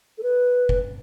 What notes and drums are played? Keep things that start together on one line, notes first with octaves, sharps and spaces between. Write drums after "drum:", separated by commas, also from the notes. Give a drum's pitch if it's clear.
A4
B4
drum: kick